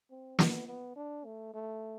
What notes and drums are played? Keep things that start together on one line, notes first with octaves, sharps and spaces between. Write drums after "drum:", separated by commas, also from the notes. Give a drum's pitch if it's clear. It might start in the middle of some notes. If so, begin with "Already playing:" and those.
C4
B3, drum: snare
B3
D4
A3
A3